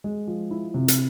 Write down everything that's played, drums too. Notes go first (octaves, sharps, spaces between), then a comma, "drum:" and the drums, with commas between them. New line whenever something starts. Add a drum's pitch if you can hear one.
G#3
F3
E4
C3
drum: hi-hat